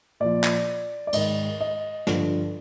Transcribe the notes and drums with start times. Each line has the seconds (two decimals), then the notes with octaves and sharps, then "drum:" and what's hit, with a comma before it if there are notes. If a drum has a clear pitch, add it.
0.20 A#2 F3 D5
0.44 drum: clap
1.07 D5
1.13 G#2 D#3 D#5, drum: cymbal
1.61 D#5
2.07 G2 D3 F3, drum: snare